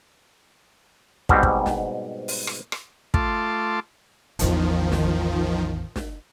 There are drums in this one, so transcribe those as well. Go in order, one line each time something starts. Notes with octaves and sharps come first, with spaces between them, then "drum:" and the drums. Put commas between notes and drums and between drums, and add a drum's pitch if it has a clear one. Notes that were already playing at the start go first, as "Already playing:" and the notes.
G#2 B2 G3 C4, drum: kick
drum: kick
drum: snare
drum: open hi-hat
drum: rim click
drum: rim click
A3 F4 A5 C6 D6, drum: kick
A1 E2 D#3 F3, drum: hi-hat
drum: snare
drum: snare